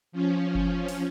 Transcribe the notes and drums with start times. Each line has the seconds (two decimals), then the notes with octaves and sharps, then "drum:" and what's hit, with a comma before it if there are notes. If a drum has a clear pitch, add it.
0.12 F3 C#4
0.55 drum: kick F#1
0.88 drum: open hi-hat